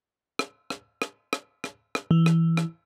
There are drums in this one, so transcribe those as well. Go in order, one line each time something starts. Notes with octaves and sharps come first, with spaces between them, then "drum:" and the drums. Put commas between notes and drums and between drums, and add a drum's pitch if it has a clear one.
drum: rim click
drum: rim click
drum: rim click
drum: rim click
drum: rim click
drum: rim click
E3
drum: rim click
drum: rim click